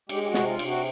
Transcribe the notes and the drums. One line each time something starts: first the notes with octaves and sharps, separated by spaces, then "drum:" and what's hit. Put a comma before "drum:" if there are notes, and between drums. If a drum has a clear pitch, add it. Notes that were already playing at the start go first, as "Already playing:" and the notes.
G#3 G4, drum: cymbal
G4
F#4
C3, drum: snare
F4
C3, drum: cymbal
F#4